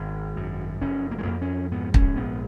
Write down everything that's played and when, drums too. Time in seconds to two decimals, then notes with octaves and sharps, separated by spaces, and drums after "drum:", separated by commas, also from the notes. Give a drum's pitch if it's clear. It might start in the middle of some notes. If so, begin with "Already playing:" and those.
Already playing: G#1 B3
0.36 F#2
0.81 F1 C#4
1.11 A#3
1.18 G#3
1.25 F2 A#3
1.42 C#4
1.71 G#2 B3
1.94 C#4, drum: kick
2.16 A#1 B3